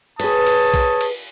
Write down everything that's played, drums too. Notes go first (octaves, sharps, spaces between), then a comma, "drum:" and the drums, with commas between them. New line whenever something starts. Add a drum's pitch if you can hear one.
G#4 B4 C#5 A5 D#6, drum: cymbal
drum: cymbal
drum: kick A#1, cymbal
drum: cymbal